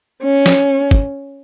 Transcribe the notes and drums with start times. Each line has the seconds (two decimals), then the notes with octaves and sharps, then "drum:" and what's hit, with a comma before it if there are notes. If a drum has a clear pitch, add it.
0.23 C#4
0.46 drum: snare
0.91 drum: kick